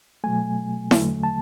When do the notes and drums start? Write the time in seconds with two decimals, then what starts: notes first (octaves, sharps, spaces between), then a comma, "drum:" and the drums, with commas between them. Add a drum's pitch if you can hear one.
0.24 B2 F#3 A3 G#5
0.91 E2 D3 F#3 A3, drum: snare E4
1.23 A5